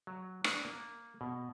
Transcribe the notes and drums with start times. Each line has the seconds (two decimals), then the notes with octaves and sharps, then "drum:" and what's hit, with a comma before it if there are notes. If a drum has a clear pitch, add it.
0.07 F#3
0.44 D4, drum: rim click
0.65 A#3
1.21 B2